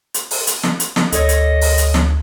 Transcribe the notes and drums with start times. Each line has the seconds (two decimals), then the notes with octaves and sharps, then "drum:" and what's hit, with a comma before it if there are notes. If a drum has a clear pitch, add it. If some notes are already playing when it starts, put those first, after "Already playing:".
0.14 drum: hi-hat
0.31 drum: open hi-hat
0.47 drum: hi-hat
0.63 drum: snare
0.80 drum: hi-hat
0.96 drum: snare
1.12 D2 A4 C#5 D#5, drum: hi-hat
1.29 drum: hi-hat
1.61 drum: open hi-hat
1.78 drum: hi-hat
1.94 drum: snare